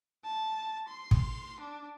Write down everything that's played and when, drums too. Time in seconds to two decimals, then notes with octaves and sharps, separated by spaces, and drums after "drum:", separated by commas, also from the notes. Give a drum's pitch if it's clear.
0.25 A5
0.88 C6
1.11 drum: kick
1.61 D4